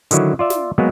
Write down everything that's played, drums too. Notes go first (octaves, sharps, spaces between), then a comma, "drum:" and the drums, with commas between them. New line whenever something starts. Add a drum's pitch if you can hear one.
D3 D#3 F#3 E4, drum: hi-hat
F4 D5 E5
drum: snare
F#3 G#3 A#3 B3